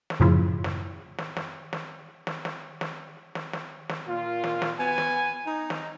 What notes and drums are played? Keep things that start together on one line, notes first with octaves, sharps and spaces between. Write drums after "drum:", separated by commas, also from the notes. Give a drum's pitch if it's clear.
drum: snare
F#2 A2 C#3 F3 E4 F4
drum: snare
drum: snare
drum: snare
drum: snare
drum: snare
drum: snare
drum: snare
drum: snare
drum: snare
drum: snare
A#2 F4
drum: snare
drum: snare
B3 G#5
drum: snare
D#4
drum: snare